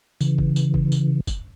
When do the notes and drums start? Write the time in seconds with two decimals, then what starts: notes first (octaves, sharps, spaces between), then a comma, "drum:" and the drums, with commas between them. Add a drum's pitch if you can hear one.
0.21 C#3 E3, drum: tambourine
0.38 drum: kick
0.56 drum: tambourine
0.74 drum: kick
0.92 drum: tambourine
1.27 drum: kick, tambourine